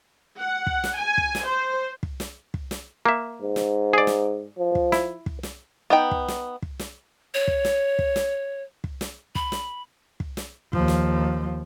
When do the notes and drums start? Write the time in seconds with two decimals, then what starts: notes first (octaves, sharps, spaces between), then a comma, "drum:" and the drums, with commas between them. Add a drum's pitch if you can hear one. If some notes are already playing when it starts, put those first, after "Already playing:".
0.39 F#5
0.67 drum: kick
0.84 drum: snare
0.98 G#5
1.18 drum: kick
1.35 drum: snare
1.46 C5
2.03 drum: kick
2.20 drum: snare
2.54 drum: kick
2.71 drum: snare
3.06 A#3 E5
3.42 G#2
3.56 drum: snare
3.93 G#4 D5
4.07 drum: snare
4.58 F3
4.75 drum: kick
4.92 E4, drum: snare
5.26 drum: kick
5.43 drum: snare
5.90 B3 D#4 G5
6.11 drum: kick
6.28 drum: snare
6.62 drum: kick
6.79 drum: snare
7.34 C#5
7.48 drum: kick
7.65 drum: snare
7.99 drum: kick
8.16 drum: snare
8.84 drum: kick
9.01 drum: snare
9.35 B5, drum: kick
9.52 drum: snare
10.20 drum: kick
10.37 drum: snare
10.73 D#2 F3, drum: kick
10.88 drum: snare